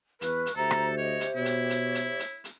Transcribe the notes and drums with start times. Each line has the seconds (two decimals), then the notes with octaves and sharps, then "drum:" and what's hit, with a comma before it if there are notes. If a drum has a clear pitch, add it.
0.21 E2 B4 C#6 F6 F#6, drum: hi-hat
0.46 drum: hi-hat
0.56 D2 G4 A4 C5 E5 A#5
0.71 drum: rim click
0.97 C#5 D#5
1.20 drum: hi-hat
1.36 B2 E4 C#5
1.45 drum: hi-hat
1.70 drum: hi-hat
1.94 drum: hi-hat
2.19 drum: hi-hat
2.44 drum: hi-hat